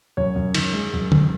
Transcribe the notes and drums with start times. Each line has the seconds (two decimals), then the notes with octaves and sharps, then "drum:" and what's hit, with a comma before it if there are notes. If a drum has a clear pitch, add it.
0.17 F#2 C#5
0.36 F#2
0.54 D#3, drum: cymbal
0.73 G#3
0.93 F#2
1.12 F#2, drum: tom D3